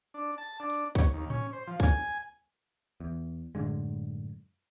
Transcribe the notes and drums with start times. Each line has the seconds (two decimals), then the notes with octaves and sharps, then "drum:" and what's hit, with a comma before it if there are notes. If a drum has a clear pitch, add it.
0.14 D4
0.38 A5
0.60 D4
0.70 drum: hi-hat
0.95 C#5, drum: kick
1.13 D#2
1.30 C#4, drum: tom A2
1.53 C5
1.67 F3
1.80 G#5, drum: kick
3.00 E2
3.55 F#2 A2 D3 G#3